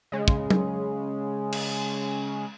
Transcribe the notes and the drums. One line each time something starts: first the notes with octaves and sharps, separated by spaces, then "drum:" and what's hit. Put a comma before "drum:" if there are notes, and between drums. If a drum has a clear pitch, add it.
C#3 G#3
drum: kick
drum: tom F#3
drum: cymbal